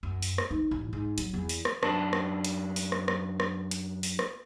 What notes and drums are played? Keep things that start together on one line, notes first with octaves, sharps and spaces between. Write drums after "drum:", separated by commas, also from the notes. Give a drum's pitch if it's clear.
F#2
drum: open hi-hat
drum: rim click
D#4
A1
G#2
F#3, drum: hi-hat
E2
drum: open hi-hat
drum: rim click
F#2 D4 A5, drum: rim click
drum: rim click
drum: hi-hat
drum: open hi-hat
drum: rim click
drum: rim click
drum: rim click
drum: hi-hat
drum: open hi-hat
drum: rim click